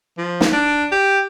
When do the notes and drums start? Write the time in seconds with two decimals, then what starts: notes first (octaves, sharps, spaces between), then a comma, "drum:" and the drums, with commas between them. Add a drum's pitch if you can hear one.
0.18 F3
0.41 drum: snare
0.53 D4
0.92 G4